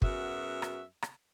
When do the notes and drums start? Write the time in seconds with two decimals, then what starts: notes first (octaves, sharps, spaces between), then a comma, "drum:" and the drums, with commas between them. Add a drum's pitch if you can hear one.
0.02 F#2 B3 F#4 G#4 E5, drum: kick
0.62 drum: rim click
1.02 drum: rim click